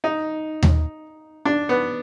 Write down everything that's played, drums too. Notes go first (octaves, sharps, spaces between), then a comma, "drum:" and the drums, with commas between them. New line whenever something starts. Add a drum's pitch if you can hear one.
D#4
drum: tom D#2
D4
B3